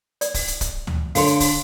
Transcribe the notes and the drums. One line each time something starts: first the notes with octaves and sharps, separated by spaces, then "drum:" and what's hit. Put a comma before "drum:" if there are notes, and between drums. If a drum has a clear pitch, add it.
D5, drum: hi-hat
drum: kick, open hi-hat
drum: hi-hat
drum: kick, hi-hat
drum: tom D2
D3 C#5 F5 C6, drum: open hi-hat
drum: hi-hat
drum: kick, open hi-hat